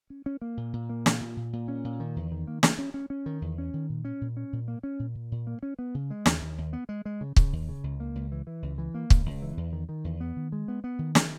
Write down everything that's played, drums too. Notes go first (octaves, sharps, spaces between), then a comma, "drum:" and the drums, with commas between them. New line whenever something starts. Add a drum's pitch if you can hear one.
C#4
C#4
A#3
A#2
A#2
A#3
A#2, drum: snare
A#2
A#2
A#2
C#4
A#2
D#3
E2
D#3
A#3
A#3, drum: snare
C#4
C#4
C#4
D#3
E2
C#4
D#3
A#2
C#4
A#2
C#4
A#2
A#3
C#4
A#2
A#2
A#2
A#3
C#4
B3
C#3
G#3
D#2, drum: snare
D#2
D#2
B3
G#3
G#3
C#3
C#3, drum: kick
D#2
C#3
C#2
A#3
C#2
E3
E3
C#2
E3
A#3
C#2, drum: kick
C#2
E3
E2
D#3
D#3
E2
B3
D#3
G#3
B3
B3
D#3
D#3, drum: snare